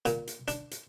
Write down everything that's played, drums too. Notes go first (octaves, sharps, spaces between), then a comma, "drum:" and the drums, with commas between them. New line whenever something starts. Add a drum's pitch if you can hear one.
A#2, drum: hi-hat
drum: hi-hat
D4, drum: hi-hat
drum: hi-hat